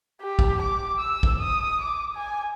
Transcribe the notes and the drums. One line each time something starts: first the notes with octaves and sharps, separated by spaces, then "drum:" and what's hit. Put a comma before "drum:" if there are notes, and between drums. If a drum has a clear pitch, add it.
G4
drum: kick
D6
E6
drum: kick
D#6
D6
G#5